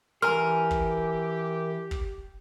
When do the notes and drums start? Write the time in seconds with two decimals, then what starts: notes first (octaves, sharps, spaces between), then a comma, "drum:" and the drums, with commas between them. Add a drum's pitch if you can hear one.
0.22 E3 G4 A#4 G#5 C6 F6
0.71 drum: kick
1.91 drum: kick